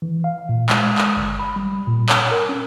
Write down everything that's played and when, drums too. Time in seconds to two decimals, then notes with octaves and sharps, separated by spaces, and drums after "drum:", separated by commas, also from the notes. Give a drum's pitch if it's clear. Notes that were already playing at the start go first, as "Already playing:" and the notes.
0.02 E3
0.24 F5
0.49 A#2
0.69 G#3, drum: clap
0.98 drum: clap
1.17 G1
1.40 B5
1.56 G3
1.87 A#2
2.09 C#5, drum: clap
2.31 A#4
2.49 C#4